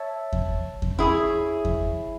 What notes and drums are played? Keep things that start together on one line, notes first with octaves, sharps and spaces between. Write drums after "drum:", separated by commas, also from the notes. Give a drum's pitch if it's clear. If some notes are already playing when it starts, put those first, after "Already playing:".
Already playing: C#5 E5 A5
drum: kick E2
drum: kick E2
E4 G#4 C#5
drum: kick E2